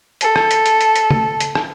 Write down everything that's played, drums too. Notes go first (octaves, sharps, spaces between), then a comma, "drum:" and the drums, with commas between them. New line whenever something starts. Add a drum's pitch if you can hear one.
A4, drum: hi-hat
drum: rim click
drum: hi-hat
drum: hi-hat
drum: hi-hat
drum: hi-hat
drum: tom
drum: hi-hat
drum: rim click